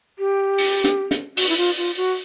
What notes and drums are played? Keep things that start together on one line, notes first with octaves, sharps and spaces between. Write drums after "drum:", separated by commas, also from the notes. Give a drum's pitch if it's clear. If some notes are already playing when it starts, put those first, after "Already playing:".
G4
drum: open hi-hat
drum: hi-hat
drum: hi-hat
F#4, drum: open hi-hat
E4
F4
F4
F#4